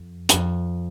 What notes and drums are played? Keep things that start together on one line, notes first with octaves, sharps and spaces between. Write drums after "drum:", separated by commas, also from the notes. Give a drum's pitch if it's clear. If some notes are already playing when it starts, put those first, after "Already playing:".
Already playing: F2
F#2, drum: hi-hat
F2